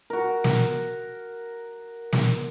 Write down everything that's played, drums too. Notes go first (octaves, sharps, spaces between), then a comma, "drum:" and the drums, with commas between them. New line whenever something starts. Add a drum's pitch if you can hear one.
F#4 A#4
drum: snare
drum: snare